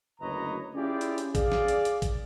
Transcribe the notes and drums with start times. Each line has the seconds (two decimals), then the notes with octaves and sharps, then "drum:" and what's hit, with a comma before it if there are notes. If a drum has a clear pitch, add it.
0.20 F#1 D2 B4 C#5 D#5 A#5
0.76 C#4 E4 F4 G4 G#4 D5
1.01 drum: hi-hat
1.18 drum: hi-hat
1.35 G#4 D5 F5, drum: kick, hi-hat
1.52 drum: snare
1.68 drum: hi-hat
1.85 drum: hi-hat
2.02 drum: kick, hi-hat